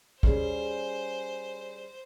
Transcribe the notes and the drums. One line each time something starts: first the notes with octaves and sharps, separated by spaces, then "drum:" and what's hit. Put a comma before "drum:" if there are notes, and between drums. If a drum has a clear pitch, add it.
G3 C#4 G#4 C5, drum: kick